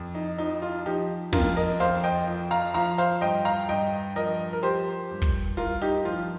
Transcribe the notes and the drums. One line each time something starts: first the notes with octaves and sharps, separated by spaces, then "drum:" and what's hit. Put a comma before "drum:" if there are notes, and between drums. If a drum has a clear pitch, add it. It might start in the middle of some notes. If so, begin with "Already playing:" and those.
Already playing: F2
D#4
F3 D#4
F4
F3 D#4 G4
F2 F4 A#4, drum: snare
A#4 D#5, drum: hi-hat
F2 C5 F5
D#5 G5
F3
F5 A#5
F3 F5 A#5
C5 F5
G2 D#5 G5
F5 A#5
G2 D#5 G5
F3 A#4 D#5, drum: hi-hat
A#4
F3 G4 C5
G2
drum: kick
G2 F4 A#4
D#4 G4
F3 F4